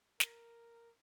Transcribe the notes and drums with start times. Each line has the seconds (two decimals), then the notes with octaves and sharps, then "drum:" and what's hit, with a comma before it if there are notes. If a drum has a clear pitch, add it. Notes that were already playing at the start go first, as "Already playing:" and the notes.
0.20 A#4, drum: snare